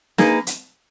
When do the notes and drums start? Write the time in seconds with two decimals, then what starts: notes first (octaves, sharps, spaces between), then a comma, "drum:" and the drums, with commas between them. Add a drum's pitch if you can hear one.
0.18 A#3 D#4 G#4 B4, drum: snare
0.47 drum: hi-hat